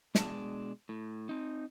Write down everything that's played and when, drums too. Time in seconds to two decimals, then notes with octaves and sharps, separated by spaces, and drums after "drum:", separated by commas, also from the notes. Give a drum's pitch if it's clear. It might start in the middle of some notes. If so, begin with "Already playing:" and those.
0.15 B2 G#3 D4 C5 A5, drum: snare
0.89 A2
1.29 C4 D#4